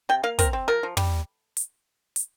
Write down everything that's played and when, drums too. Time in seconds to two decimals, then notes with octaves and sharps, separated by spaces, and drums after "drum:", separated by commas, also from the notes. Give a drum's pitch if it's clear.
0.09 C3 G5
0.23 A#3 F5
0.39 C4 A#4, drum: kick, hi-hat
0.53 C4
0.68 F3 A#4
0.83 F3
0.97 G3, drum: tom
1.57 drum: hi-hat
2.16 drum: hi-hat